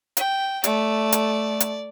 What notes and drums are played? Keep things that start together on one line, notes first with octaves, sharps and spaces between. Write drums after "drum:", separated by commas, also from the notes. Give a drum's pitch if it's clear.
G5, drum: hi-hat
A3 D5, drum: hi-hat
drum: hi-hat
drum: hi-hat